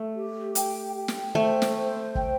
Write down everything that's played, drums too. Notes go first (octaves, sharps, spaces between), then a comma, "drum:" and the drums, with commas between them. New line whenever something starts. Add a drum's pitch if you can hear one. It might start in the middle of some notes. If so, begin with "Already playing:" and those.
Already playing: A3
G4
G5, drum: hi-hat
G5
drum: snare
A3 C5
drum: snare
C5
G5, drum: kick